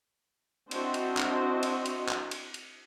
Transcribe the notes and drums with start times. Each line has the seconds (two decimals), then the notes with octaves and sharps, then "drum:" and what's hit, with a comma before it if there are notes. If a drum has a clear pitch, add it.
0.71 C4 D4 E4 F#4 C5 D#5, drum: cymbal
0.94 drum: cymbal
1.17 drum: clap
1.63 drum: cymbal
1.86 drum: cymbal
2.09 drum: clap
2.31 drum: cymbal
2.54 drum: cymbal